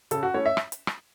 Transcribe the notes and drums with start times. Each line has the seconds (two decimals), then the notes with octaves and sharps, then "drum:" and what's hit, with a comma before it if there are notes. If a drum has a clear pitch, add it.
0.11 C#3 A4, drum: hi-hat
0.23 F#4
0.34 A3 C#4 E4 C#5
0.46 E5
0.57 drum: rim click
0.72 drum: hi-hat
0.87 drum: rim click